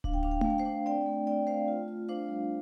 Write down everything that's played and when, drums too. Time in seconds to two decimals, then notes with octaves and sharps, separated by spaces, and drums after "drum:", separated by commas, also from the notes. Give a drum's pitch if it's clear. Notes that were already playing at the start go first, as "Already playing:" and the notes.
0.04 D4 F5, drum: kick D1
0.13 G5
0.23 D4 F5
0.31 G5
0.41 A3 F5, drum: tom A3
0.50 G5
0.58 C5 F5
0.65 D4
0.86 C4 D5 G5
1.06 A3
1.27 C4 D5 G5
1.47 A3 C5 F5
1.68 F4
1.88 F4
2.09 D4 C5 F5
2.28 G3